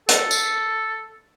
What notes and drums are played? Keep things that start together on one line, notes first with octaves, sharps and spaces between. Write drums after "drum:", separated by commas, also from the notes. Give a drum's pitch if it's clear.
A4, drum: hi-hat
drum: tambourine